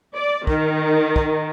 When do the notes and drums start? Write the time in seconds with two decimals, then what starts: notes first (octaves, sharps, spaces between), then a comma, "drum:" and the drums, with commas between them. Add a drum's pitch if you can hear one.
0.16 D5
0.47 D#3, drum: kick
1.16 drum: kick